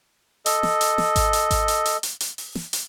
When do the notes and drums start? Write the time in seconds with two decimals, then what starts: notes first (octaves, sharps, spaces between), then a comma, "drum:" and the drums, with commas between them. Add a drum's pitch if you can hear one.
0.46 A4 D#5, drum: hi-hat
0.63 drum: snare
0.81 drum: hi-hat
0.98 drum: snare
1.16 drum: kick G#1, hi-hat
1.33 drum: hi-hat
1.51 drum: kick G#1, hi-hat
1.68 drum: hi-hat
1.86 drum: hi-hat
2.03 drum: hi-hat
2.20 drum: hi-hat
2.38 drum: open hi-hat
2.55 drum: snare
2.73 drum: hi-hat